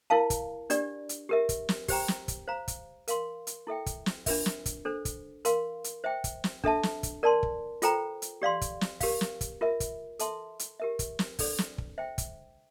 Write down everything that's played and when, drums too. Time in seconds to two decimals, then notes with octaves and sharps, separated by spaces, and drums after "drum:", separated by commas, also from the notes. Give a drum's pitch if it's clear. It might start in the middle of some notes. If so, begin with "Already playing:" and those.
0.10 E4 A#4 F5 A5
0.30 drum: kick, hi-hat
0.70 D4 G4 D5, drum: hi-hat
1.09 drum: hi-hat
1.29 G4 A#4 E5
1.49 drum: kick, hi-hat
1.69 drum: snare
1.88 G4 C5 G5 A#5, drum: kick, open hi-hat
2.08 drum: snare
2.28 drum: kick, hi-hat
2.48 C5 F5 A#5
2.68 drum: kick, hi-hat
3.08 A#4 F5 C6, drum: hi-hat
3.47 drum: hi-hat
3.67 E4 A4 E5 G5
3.86 drum: kick, hi-hat
4.06 drum: snare
4.26 D4 F4 A#4 E5, drum: kick, open hi-hat
4.46 drum: snare
4.66 drum: kick, hi-hat
4.85 D4 A4 C5
5.05 drum: kick, hi-hat
5.45 A#4 F5 C6, drum: hi-hat
5.84 drum: hi-hat
6.04 C5 E5 G5
6.24 drum: kick, hi-hat
6.44 drum: snare
6.64 D4 A4 E5 A5, drum: kick
6.83 drum: snare
7.03 drum: kick, hi-hat
7.23 A#4 D5 A5 C6
7.43 drum: kick
7.82 F4 A4 C5 G5 A#5, drum: hi-hat
8.22 drum: hi-hat
8.42 G4 D5 F5 C6
8.61 drum: kick, hi-hat
8.81 drum: snare
9.00 G4 A#4 F5, drum: kick, open hi-hat
9.21 drum: snare
9.41 drum: kick, hi-hat
9.61 F4 A#4 E5
9.80 drum: kick, hi-hat
10.19 A4 E5 A5 C6, drum: hi-hat
10.59 drum: hi-hat
10.80 G4 A#4 E5
10.99 drum: kick, hi-hat
11.19 drum: snare
11.39 D4 A4 D5, drum: kick, open hi-hat
11.58 drum: snare
11.78 drum: kick
11.98 C5 E5 G5
12.18 drum: kick, hi-hat